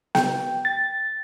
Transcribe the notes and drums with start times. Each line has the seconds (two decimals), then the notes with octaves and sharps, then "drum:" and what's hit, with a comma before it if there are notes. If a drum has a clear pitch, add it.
0.15 G5, drum: snare B3
0.65 A6